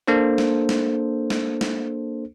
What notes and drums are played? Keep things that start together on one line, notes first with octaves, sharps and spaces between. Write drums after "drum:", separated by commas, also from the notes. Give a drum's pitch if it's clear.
A#3 D4 A4 C5
drum: snare
drum: snare
drum: snare
drum: snare